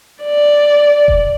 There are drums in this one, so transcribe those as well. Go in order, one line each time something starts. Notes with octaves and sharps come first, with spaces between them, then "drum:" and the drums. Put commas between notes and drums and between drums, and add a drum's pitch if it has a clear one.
D5
drum: kick E1